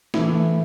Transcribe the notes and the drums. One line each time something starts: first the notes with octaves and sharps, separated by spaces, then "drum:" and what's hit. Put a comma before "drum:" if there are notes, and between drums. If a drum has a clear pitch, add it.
A2 E3 E4, drum: snare